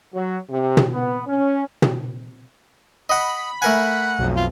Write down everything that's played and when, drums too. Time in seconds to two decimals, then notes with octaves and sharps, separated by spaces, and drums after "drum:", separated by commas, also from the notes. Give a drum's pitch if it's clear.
0.14 F#3
0.49 C3
0.77 drum: tom
0.90 B3
1.27 C#4
1.82 drum: tom
3.09 D#5 F#5 B5
3.62 A3 A#4 F#5 G#5
4.19 B1 F2
4.37 F4